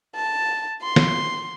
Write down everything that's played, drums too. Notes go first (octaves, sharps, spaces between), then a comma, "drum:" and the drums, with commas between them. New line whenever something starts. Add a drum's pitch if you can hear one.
A5
C6
drum: snare